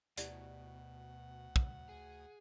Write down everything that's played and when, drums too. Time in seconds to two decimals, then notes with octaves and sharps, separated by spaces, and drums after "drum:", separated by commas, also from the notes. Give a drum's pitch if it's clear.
0.17 D2 B2 E4 G4 D5 F#5, drum: hi-hat
1.56 drum: kick
1.89 G#4